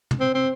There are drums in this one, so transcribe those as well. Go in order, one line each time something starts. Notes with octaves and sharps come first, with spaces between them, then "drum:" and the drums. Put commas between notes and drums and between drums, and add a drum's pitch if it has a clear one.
drum: tom
C4
C4